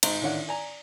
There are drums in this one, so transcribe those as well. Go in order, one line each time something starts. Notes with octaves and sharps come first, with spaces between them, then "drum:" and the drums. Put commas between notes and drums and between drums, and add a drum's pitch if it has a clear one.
G#1 G#2 C5 D#5 A#5, drum: cymbal
A1 D3 D#3 C#5 D5 F#5
D5 G#5 A#5